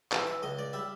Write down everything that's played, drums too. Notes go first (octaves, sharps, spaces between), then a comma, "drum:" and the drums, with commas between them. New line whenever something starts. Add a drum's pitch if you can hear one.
E3 E5, drum: clap
E5
C#2 D#5
D5
G3 E5